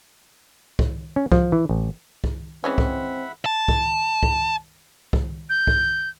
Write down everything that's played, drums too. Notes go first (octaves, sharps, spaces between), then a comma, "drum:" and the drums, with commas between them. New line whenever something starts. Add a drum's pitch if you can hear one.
drum: kick C2
C#4
F3, drum: kick C2
E3
A1
drum: kick C2
E3 G#3 C4 C#4 E5 F#5 B5
drum: kick C2
A5
drum: kick C2
drum: kick C2
drum: kick C2
G6
drum: kick C2